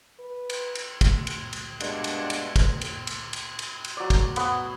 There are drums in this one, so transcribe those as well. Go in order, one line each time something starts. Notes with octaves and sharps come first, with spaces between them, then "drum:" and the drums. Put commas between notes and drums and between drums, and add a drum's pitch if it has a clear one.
B4
drum: cymbal
drum: cymbal
drum: kick, cymbal
drum: cymbal
drum: cymbal
G2 B2 G#3 A#3 D4 F#5, drum: cymbal
drum: cymbal
drum: cymbal
drum: kick, cymbal
drum: cymbal
drum: cymbal
drum: cymbal
drum: cymbal
drum: cymbal
F#3 D5
drum: kick, cymbal
B3 B4 F#5 D#6, drum: cymbal